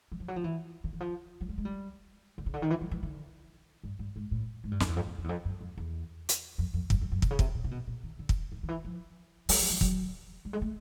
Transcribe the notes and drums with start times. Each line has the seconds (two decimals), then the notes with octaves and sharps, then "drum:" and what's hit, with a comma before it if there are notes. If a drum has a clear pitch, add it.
0.12 E3
0.20 F3
0.28 F#3
0.36 F3
0.44 E3
0.84 D3
0.93 E3
1.00 F3
1.41 F#3
1.49 G3
1.58 G#3
1.65 G3
2.38 D3
2.46 C#3
2.54 D3
2.62 D#3
2.70 E3
2.81 F3
2.91 E3
3.03 D3
3.84 G2
3.99 G2
4.16 G#2
4.31 A2
4.64 G#2
4.71 G2
4.80 F2, drum: snare
4.89 E2
4.96 F2
5.07 F#2
5.18 F2
5.24 E2
5.29 F2
5.45 F#2
5.61 F2
5.77 E2
6.29 drum: hi-hat
6.58 F2
6.74 F2
6.90 F#2, drum: kick
7.01 F2
7.12 F#2
7.22 C3, drum: kick
7.31 C#3
7.39 C3, drum: kick
7.55 A#2
7.64 C3
7.71 B2
7.87 A#2
8.03 D#3
8.19 D3
8.29 drum: kick
8.52 D#3
8.63 D#3
8.69 E3
8.85 F3
9.49 G3, drum: open hi-hat
9.60 F#3
9.70 F3
9.81 F#3, drum: kick
10.45 G3
10.53 G#3
10.62 A3